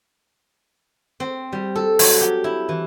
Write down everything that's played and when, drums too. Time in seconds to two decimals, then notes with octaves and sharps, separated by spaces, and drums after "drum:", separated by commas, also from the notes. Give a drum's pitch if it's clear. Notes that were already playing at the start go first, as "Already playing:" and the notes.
1.20 C4
1.52 G3
1.76 A4
1.99 F#3, drum: open hi-hat
2.21 G4
2.44 E4
2.69 E3